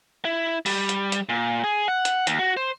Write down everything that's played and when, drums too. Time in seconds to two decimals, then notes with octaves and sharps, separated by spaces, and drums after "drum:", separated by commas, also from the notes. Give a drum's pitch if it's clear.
0.25 E4
0.66 G3, drum: open hi-hat
0.89 drum: hi-hat
1.12 drum: hi-hat
1.29 A#2
1.64 G#4
1.88 F#5
2.05 drum: hi-hat
2.27 D#2, drum: hi-hat
2.39 F#4
2.57 C5